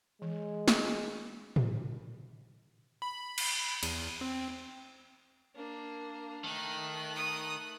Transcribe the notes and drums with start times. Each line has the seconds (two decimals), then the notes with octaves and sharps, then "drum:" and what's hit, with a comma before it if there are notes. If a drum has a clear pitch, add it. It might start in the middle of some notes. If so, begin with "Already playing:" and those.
0.22 E3 G#3
0.68 drum: snare
1.56 drum: tom
3.02 B5
3.38 drum: cymbal
3.83 E2, drum: cymbal
4.21 C4
5.55 A#3 D4
6.44 D#3 A3 F#6
7.16 D#6